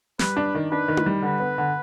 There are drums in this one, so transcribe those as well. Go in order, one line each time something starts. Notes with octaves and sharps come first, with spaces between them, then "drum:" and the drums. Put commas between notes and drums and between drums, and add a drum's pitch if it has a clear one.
G3 B4, drum: snare
D4
D#3
D4 B4
D#3
drum: tom E4
G3
D3 B4
B3
D3